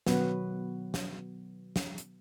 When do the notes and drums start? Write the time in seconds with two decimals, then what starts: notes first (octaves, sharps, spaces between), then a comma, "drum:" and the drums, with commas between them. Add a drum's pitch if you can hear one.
0.06 B2 D#3 F#3 B3 F#4 B4, drum: snare
0.94 drum: snare
1.76 drum: snare
1.98 drum: hi-hat